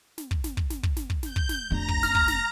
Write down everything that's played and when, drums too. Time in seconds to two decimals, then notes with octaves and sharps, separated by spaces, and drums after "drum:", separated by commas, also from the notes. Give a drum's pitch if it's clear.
0.18 drum: snare
0.31 drum: kick
0.44 drum: snare
0.57 drum: kick
0.70 drum: snare
0.83 drum: kick
0.97 drum: snare
1.10 drum: kick
1.23 G6, drum: snare
1.36 drum: kick
1.49 drum: snare
1.71 F1 D4 A#5 A#6
1.88 drum: kick
2.03 F6, drum: snare
2.15 drum: kick
2.28 drum: snare